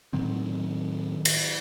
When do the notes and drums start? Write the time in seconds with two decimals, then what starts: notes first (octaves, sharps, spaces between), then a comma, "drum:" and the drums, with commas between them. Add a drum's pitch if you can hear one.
0.13 A2 D#3 F#3 C4
1.25 drum: cymbal